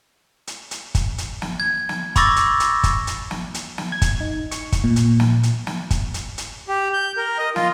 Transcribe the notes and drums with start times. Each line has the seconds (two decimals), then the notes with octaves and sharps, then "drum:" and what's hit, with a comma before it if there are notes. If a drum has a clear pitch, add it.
0.47 drum: hi-hat
0.71 drum: hi-hat
0.95 drum: kick, hi-hat
1.18 drum: hi-hat
1.42 drum: snare
1.60 G#6
1.89 drum: snare
2.16 B5 C#6 D6 E6 A6 A#6, drum: kick, hi-hat
2.36 drum: hi-hat
2.60 drum: hi-hat
2.84 drum: kick, hi-hat
3.07 drum: hi-hat
3.31 drum: snare
3.54 drum: hi-hat
3.78 drum: snare
3.92 G#6
4.02 drum: kick, hi-hat
4.21 D#4
4.51 C#6, drum: hi-hat
4.72 drum: kick, hi-hat
4.84 A#2
4.96 drum: hi-hat
5.20 drum: snare
5.43 drum: hi-hat
5.67 drum: snare
5.90 drum: kick, hi-hat
6.14 drum: hi-hat
6.38 drum: hi-hat
6.68 G4
6.94 G6
7.17 A#4
7.38 D#5
7.56 F4, drum: snare